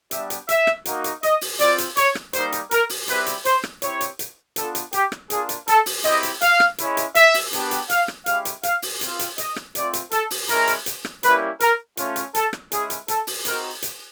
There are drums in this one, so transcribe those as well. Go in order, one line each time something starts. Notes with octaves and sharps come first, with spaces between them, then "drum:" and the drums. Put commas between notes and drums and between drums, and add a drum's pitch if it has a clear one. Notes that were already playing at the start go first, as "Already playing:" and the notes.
G3 B3 D4 G4 E5, drum: hi-hat
drum: hi-hat
E5, drum: hi-hat
drum: rim click
A#3 D#4 F#4, drum: hi-hat
drum: hi-hat
D#5, drum: hi-hat
drum: open hi-hat
C4 F4 D5, drum: hi-hat
drum: hi-hat
C#5, drum: hi-hat
drum: rim click
G3 A#3 D#4 C5, drum: hi-hat
drum: hi-hat
A#4, drum: hi-hat
drum: open hi-hat
G3 C4 E4 G4 B4, drum: hi-hat
drum: hi-hat
C5, drum: hi-hat
drum: rim click
C4 E4 G4 C#5, drum: hi-hat
drum: hi-hat
drum: hi-hat
B3 D4 F4 A4, drum: hi-hat
drum: hi-hat
G4, drum: hi-hat
drum: rim click
A#3 D4 F4 G#4, drum: hi-hat
drum: hi-hat
A4, drum: hi-hat
drum: open hi-hat
C4 E4 G4 D#5, drum: hi-hat
drum: hi-hat
F5, drum: hi-hat
drum: rim click
G#3 C#4 E4, drum: hi-hat
drum: hi-hat
E5, drum: hi-hat
drum: open hi-hat
B3 D4 G4, drum: hi-hat
drum: hi-hat
F5, drum: hi-hat
drum: rim click
G#3 C#4 E4 G4 F5, drum: hi-hat
drum: hi-hat
F5, drum: hi-hat
drum: open hi-hat
C4 F4, drum: hi-hat
drum: hi-hat
D#5, drum: hi-hat
drum: rim click
A3 C4 F4 D5, drum: hi-hat
drum: hi-hat
A4, drum: hi-hat
drum: open hi-hat
G#3 C#4 E4 A#4, drum: hi-hat
drum: hi-hat
drum: hi-hat
drum: rim click
G3 A#3 C#4 E4 G4 B4, drum: hi-hat
A#4, drum: hi-hat
A3 C#4 F4, drum: hi-hat
drum: hi-hat
A4, drum: hi-hat
drum: rim click
G#3 C#4 E4 G#4, drum: hi-hat
drum: hi-hat
A4, drum: hi-hat
drum: open hi-hat
C4 D#4 F#4 A#4, drum: hi-hat
drum: hi-hat